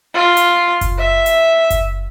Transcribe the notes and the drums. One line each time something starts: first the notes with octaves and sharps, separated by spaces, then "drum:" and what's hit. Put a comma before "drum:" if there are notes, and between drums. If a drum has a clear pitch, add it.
F4
drum: hi-hat
drum: kick F#1, hi-hat
E5
drum: hi-hat
drum: kick F#1, hi-hat